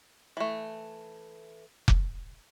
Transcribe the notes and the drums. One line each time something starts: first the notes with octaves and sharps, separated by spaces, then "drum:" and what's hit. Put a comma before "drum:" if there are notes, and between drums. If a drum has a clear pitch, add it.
E3 A3
drum: kick F1